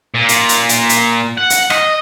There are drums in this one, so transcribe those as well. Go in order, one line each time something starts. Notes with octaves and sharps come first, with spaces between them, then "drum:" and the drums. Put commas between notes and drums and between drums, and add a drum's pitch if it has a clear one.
A#2
drum: hi-hat
drum: hi-hat
drum: hi-hat
drum: hi-hat
F#5
drum: hi-hat
D#5, drum: rim click